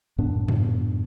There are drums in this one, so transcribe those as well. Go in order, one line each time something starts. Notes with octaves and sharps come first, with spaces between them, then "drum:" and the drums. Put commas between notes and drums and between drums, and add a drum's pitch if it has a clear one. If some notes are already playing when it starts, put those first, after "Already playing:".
F#2 A2 B3 D4
drum: tom